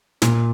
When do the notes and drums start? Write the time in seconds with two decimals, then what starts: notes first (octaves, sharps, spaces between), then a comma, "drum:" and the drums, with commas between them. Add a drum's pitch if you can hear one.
0.22 A#2, drum: snare